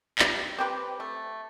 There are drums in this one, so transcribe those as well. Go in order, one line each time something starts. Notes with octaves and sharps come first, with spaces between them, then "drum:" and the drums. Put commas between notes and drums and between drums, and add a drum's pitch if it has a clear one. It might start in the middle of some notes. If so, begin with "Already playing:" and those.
G3, drum: clap
C4 G4 B4
A3